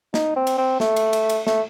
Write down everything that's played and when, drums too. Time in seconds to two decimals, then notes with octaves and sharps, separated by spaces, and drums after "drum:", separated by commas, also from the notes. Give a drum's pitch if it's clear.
0.14 D#4, drum: snare
0.36 C4
0.47 drum: cymbal
0.58 C4
0.80 A3, drum: snare
0.96 drum: cymbal
1.13 drum: cymbal
1.29 drum: cymbal
1.47 A3, drum: snare